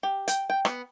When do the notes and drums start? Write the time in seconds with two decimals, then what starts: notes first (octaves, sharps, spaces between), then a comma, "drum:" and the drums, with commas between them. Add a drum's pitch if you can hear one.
0.03 G4
0.28 G5, drum: hi-hat
0.50 G5
0.65 B3, drum: rim click